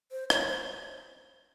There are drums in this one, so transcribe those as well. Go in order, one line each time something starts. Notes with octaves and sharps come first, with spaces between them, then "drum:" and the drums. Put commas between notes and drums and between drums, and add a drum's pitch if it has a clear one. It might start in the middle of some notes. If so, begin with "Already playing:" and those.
C5
C#5, drum: rim click
C5